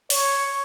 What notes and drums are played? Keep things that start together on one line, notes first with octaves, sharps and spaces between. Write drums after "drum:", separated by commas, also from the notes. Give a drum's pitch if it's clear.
C#5, drum: open hi-hat